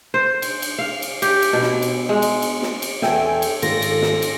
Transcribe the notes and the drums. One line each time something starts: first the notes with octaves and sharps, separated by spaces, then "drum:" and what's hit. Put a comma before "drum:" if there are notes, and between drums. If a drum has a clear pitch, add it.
C5
drum: cymbal
drum: cymbal
F5
drum: cymbal
G4, drum: cymbal
drum: cymbal
B2
drum: snare
drum: cymbal
G#3
drum: cymbal
drum: cymbal
drum: snare
drum: cymbal
E2 A4 E5 G5 G#5, drum: snare
drum: cymbal
G#2 D#3 F4 A4 A#6, drum: cymbal
drum: cymbal
drum: snare
drum: cymbal